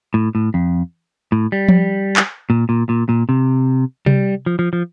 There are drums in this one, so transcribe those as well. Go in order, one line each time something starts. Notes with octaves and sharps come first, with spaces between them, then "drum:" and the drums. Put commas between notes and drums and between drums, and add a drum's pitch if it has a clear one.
A2
A2
F2
A2
G3
drum: tom F3
drum: clap
A#2
A#2
A#2
A#2
C3
G3, drum: tom C3
F3
F3
F3